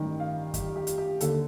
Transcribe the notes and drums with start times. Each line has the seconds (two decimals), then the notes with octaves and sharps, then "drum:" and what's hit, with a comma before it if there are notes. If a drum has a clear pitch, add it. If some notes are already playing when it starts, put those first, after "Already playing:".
Already playing: A1 G2 D#3 G5
0.20 F5
0.54 G4, drum: kick F#2, hi-hat
0.76 G4
0.87 drum: hi-hat
0.98 G4
1.21 D#2 D3 A4, drum: hi-hat